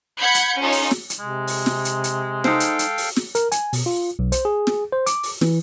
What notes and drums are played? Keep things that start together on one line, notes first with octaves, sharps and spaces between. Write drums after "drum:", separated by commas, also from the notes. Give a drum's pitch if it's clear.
F#5 B5 G6 G#6 B6 C#7
drum: hi-hat
C#4 D#4 F4 A4 C#5
drum: open hi-hat
drum: snare
drum: hi-hat
C3 G#3
drum: open hi-hat
drum: snare
drum: hi-hat
drum: hi-hat
D#4 A4 C5 F5 G5, drum: snare
drum: hi-hat
drum: hi-hat
drum: open hi-hat
drum: snare
A#4, drum: hi-hat
G#5, drum: hi-hat
B2, drum: open hi-hat
F4
B1
C5, drum: hi-hat
G#4
drum: snare
C5
D6, drum: hi-hat
drum: open hi-hat
E3, drum: snare